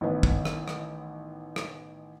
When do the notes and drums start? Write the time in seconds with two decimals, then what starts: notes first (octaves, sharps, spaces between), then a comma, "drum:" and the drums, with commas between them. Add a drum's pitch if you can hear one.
0.01 A1 D#3 B3
0.23 drum: kick
0.45 drum: rim click
0.68 drum: rim click
1.56 drum: rim click